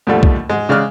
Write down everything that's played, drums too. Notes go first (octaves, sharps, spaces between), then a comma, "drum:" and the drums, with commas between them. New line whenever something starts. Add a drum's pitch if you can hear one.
D#2 G#2 D3 F3 G3 A3
drum: kick
G#2 G#3
C#3 G#3 G#4 D5 F6 F#6